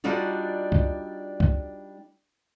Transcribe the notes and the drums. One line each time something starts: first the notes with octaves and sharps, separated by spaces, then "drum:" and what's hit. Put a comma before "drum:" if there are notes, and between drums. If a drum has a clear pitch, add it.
G3 D4 D#4 F4 F#4
drum: kick C2
drum: kick C2